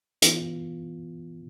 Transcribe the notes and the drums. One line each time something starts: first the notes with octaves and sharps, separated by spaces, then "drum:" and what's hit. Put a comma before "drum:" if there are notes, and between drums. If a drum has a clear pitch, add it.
E3 B3 F4, drum: hi-hat